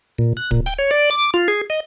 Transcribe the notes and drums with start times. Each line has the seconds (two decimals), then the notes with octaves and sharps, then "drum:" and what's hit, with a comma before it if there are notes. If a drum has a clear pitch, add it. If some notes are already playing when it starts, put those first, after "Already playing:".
0.19 A#2
0.37 F#6
0.51 A#2, drum: kick D1
0.66 G5, drum: hi-hat
0.78 C#5
0.91 D5
1.11 D6
1.34 F4
1.48 G#4
1.70 D#5